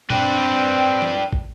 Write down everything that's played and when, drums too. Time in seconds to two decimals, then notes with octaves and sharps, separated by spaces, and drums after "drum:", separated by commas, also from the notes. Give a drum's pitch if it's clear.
0.10 C4 D4 B4 G5, drum: tom
1.02 drum: snare
1.33 drum: kick